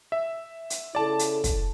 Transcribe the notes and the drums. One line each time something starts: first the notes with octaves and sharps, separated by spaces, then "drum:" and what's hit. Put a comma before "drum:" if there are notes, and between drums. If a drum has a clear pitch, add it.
E5
drum: hi-hat
C#3 E4 A4 D5 A5
drum: hi-hat
drum: kick, hi-hat